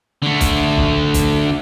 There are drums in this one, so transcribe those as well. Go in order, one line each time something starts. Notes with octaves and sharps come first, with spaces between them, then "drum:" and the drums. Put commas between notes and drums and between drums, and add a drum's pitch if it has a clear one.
D3 A3
drum: kick, hi-hat
drum: kick
drum: kick, hi-hat